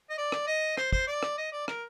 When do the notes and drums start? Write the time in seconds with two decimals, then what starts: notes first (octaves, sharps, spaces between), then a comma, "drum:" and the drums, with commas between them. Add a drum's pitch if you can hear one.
0.10 D#5
0.18 D5
0.32 drum: rim click
0.47 D#5
0.77 C5, drum: rim click
0.92 C5, drum: kick
1.07 D5
1.23 drum: rim click
1.38 D#5
1.53 D5
1.68 A#4, drum: rim click